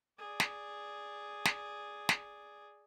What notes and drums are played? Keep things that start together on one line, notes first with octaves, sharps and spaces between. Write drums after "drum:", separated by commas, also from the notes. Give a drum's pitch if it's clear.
G#4 D5
drum: snare
drum: snare
drum: snare